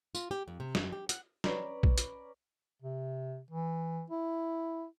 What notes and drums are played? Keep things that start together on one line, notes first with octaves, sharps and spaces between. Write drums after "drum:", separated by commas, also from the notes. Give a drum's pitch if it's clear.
F4, drum: tambourine
G4
F2
C3
F#2, drum: snare
G4
F#5, drum: hi-hat
C#4 B4 D5 A#5, drum: snare
drum: kick A#1
drum: hi-hat
C3
E3
E4